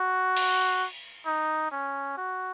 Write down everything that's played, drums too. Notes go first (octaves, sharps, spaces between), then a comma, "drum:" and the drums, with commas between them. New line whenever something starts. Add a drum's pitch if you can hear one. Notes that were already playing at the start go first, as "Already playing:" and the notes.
Already playing: F#4
drum: cymbal
D#4
C#4
F#4